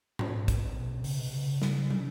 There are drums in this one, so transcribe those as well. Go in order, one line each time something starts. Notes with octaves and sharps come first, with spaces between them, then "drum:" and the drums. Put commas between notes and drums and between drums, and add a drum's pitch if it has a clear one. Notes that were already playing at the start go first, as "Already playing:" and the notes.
drum: tom G#2
A#2, drum: kick, hi-hat
B2
C#3, drum: open hi-hat
B2
C3
C#3
drum: snare
C3, drum: tom